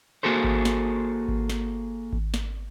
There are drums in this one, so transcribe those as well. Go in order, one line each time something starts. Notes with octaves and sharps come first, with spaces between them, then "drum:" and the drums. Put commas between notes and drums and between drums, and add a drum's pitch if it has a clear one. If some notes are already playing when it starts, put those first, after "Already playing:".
A#3 F#4 G#4 A4 C5
drum: kick G#1
drum: snare
drum: kick G#1
drum: snare
drum: kick G#1
drum: snare